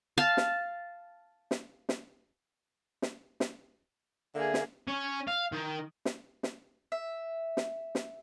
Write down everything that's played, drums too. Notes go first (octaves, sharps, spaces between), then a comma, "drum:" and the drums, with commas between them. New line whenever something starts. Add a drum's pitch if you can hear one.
F5 A5
drum: snare
drum: snare
drum: snare
drum: snare
drum: snare
D3 A#3 G#4 E5
drum: snare
C#4
F5
D#3
drum: snare
drum: snare
E5
drum: snare
drum: snare